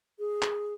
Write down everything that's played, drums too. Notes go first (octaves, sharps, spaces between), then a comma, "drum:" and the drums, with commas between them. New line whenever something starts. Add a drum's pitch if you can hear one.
G#4
drum: clap